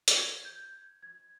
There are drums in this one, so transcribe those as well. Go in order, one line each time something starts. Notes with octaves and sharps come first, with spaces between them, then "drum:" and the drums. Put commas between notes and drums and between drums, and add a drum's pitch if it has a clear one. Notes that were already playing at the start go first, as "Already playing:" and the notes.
drum: hi-hat
G#6
G6
G#6